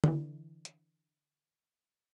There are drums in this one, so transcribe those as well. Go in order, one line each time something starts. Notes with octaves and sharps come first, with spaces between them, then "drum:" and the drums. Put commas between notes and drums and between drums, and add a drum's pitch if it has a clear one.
D3 E3, drum: tom D3
drum: hi-hat